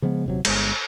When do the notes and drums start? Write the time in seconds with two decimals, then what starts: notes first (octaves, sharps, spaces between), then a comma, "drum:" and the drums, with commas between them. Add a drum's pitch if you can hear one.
0.02 C#3 F3 G#3 B3
0.26 D#1 C3 F#3
0.45 G1 G#3, drum: cymbal